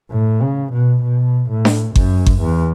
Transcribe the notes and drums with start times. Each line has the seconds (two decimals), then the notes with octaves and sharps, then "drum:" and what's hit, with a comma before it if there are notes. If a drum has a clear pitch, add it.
0.11 A2
0.42 C#3
0.73 B2
1.04 B2
1.50 A2
1.65 drum: snare D4
1.96 F#2, drum: kick G1
2.26 drum: kick G1
2.42 E2